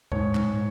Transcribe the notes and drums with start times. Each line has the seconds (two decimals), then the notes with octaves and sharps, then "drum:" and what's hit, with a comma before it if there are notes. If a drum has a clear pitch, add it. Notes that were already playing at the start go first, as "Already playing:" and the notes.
0.12 G#2 C#5, drum: kick
0.35 G#2, drum: clap